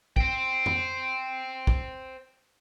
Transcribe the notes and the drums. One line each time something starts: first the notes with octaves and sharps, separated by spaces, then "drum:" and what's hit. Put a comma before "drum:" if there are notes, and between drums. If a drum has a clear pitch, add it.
C5 G5, drum: kick
drum: tom
drum: kick